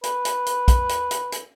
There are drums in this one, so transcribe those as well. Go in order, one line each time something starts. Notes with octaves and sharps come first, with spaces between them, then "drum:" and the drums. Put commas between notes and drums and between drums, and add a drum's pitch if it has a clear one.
B4, drum: hi-hat
drum: hi-hat
drum: hi-hat
drum: kick, hi-hat
drum: hi-hat
drum: hi-hat
drum: hi-hat